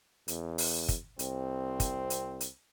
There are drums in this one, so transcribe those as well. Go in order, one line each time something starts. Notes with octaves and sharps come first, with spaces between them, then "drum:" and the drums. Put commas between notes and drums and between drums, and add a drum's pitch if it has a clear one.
E2, drum: hi-hat
drum: open hi-hat
drum: kick, hi-hat
C2 C4, drum: hi-hat
drum: kick, hi-hat
drum: hi-hat
drum: hi-hat